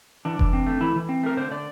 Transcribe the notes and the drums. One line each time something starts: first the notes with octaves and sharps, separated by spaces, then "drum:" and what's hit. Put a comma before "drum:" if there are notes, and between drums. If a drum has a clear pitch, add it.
E3 D4
E3, drum: kick F1
C4
A3
E3 E4
E3
C4
A3 A#4
D3 C5
D3 D5